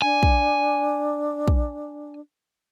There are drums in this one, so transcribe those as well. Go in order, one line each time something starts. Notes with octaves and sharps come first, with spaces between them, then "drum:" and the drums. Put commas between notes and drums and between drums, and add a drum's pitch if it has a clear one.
D4 G#5
drum: kick
drum: kick